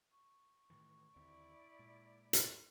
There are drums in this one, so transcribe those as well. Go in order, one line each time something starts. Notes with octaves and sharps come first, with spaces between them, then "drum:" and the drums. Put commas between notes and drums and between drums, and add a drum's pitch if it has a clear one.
C#6
A2 D#3 E3
D#2 D3 C4 E4 D5
A#2 G#3
drum: hi-hat